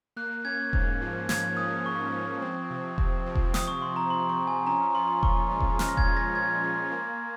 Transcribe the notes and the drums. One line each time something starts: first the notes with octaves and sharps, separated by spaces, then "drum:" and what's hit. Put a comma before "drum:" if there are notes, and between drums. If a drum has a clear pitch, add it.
A#3 F#6
C#4 G#6
G#2, drum: kick E1
F3
A#3 G#6, drum: snare
C#4 D#6
G#2 C#6
F3
C4
C3
C3, drum: kick E1
F3
drum: kick E1
C4 D#6, drum: snare
C#6
C3 C6
A#5
C3 C6
C#6
F3
G#5
C#4 A#5
F4 C6
A#2 C#6, drum: kick E1
G#3
drum: kick E1
C#4 F6, drum: snare
A#6
G#6, drum: kick E1
F4
A#6
A#2 G#6
G#3
A#3